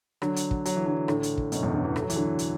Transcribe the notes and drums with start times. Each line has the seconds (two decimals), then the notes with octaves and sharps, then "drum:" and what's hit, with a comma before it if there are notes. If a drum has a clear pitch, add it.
0.22 D3 F#3, drum: rim click
0.36 drum: hi-hat
0.51 drum: kick
0.65 F#3, drum: hi-hat
0.76 E3
0.86 D3 F#3
1.08 A2 D3, drum: rim click
1.23 drum: hi-hat
1.38 drum: kick
1.52 F#2 B2, drum: hi-hat
1.63 E2 A2
1.74 A2 D3
1.84 B2 E3
1.96 A3, drum: rim click
2.02 F#3
2.10 E3, drum: hi-hat
2.16 D3 F#3
2.39 drum: hi-hat